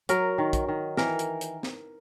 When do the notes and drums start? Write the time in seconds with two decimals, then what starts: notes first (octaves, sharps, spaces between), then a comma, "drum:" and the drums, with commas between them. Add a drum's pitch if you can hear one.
0.09 F#3 A#4, drum: hi-hat
0.38 D#3
0.53 drum: kick, hi-hat
0.68 D#3
0.97 E3 A#4, drum: snare
1.19 drum: hi-hat
1.41 drum: hi-hat
1.63 drum: snare